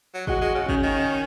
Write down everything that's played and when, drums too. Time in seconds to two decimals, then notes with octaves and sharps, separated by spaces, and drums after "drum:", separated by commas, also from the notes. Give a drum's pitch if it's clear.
0.14 F#3
0.27 G#3 F#4, drum: kick
0.41 G#3
0.55 C#3
0.69 D#3 C#4, drum: kick
0.76 C#3
0.83 D#3